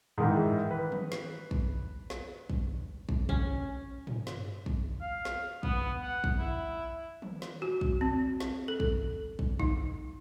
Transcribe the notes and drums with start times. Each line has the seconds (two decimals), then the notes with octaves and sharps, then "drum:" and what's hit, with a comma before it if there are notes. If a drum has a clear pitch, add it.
0.18 G#2 D#3 E3
0.71 B4
0.92 drum: tom D#3
1.12 drum: snare
1.51 drum: kick
2.10 drum: snare
2.50 drum: kick
3.09 drum: kick
3.29 C#4, drum: kick
4.07 drum: tom
4.27 drum: snare
4.66 drum: kick
5.01 F5
5.25 drum: snare
5.63 B3, drum: kick
6.03 F#5
6.24 drum: kick
6.39 E4
7.22 drum: tom D#3
7.42 drum: snare
7.62 F#4
7.81 drum: kick
8.01 C4
8.40 drum: snare
8.68 A4
8.80 drum: kick
9.39 drum: kick
9.59 D#4, drum: kick